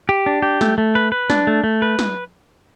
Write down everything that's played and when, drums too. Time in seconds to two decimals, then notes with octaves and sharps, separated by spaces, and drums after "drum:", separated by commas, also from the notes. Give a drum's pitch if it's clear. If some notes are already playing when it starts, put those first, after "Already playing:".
0.09 G4
0.26 D4
0.42 G4
0.61 A3, drum: snare
0.78 A3
0.95 B4
1.12 B4
1.30 D4, drum: snare
1.47 A3
1.64 A3
1.82 B4
1.99 drum: snare